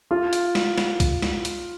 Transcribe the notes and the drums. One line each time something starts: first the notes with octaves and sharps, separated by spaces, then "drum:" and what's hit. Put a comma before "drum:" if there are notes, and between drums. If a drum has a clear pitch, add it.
F4
drum: hi-hat
drum: snare
drum: snare
drum: kick, hi-hat
drum: snare
drum: hi-hat